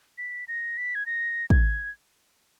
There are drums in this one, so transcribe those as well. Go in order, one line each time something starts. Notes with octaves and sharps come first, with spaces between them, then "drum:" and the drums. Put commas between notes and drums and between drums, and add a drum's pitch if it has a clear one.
B6
A#6
B6
G#6
A#6
G#6, drum: kick